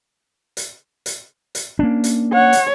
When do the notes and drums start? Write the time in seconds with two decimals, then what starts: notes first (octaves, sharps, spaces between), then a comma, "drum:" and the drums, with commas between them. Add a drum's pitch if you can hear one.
0.57 drum: hi-hat
1.06 drum: hi-hat
1.55 drum: hi-hat
1.79 A#3 C#4 D4
2.04 drum: hi-hat
2.34 C#5 F#5
2.53 drum: hi-hat